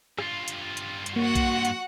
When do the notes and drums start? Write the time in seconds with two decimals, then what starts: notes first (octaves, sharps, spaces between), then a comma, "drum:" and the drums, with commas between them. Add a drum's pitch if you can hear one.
0.18 G2 F4, drum: rim click
0.48 drum: hi-hat
0.77 drum: hi-hat
1.06 drum: hi-hat
1.16 A#3 F#4 F#5
1.35 drum: kick A#1, hi-hat
1.65 drum: hi-hat